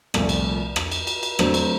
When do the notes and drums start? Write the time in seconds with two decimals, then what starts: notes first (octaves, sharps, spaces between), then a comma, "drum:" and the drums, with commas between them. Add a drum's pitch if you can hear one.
0.14 C2 A#2 F3 A3, drum: rim click
0.29 drum: cymbal
0.76 drum: rim click
0.91 drum: cymbal
1.07 drum: cymbal
1.23 drum: cymbal
1.39 D3 F#3 A3 C4, drum: rim click
1.54 drum: cymbal